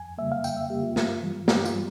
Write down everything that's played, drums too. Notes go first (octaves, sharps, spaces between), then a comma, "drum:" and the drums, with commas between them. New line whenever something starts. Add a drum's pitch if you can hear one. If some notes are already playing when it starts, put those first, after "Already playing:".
Already playing: F2 G#5
C#3 G3 A#3 E5
F5
F2 G5, drum: tambourine
E5
C#3 G3 A#3 G4
F4
G2 F4, drum: snare
E3 G3
G2 G4, drum: snare
F4, drum: tambourine
G3